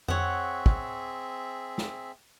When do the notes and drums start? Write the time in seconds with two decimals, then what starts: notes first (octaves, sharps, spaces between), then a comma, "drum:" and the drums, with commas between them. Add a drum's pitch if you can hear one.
0.08 C4 G#4 C#5 E5 F#5, drum: tom F2
0.66 drum: kick
1.78 drum: snare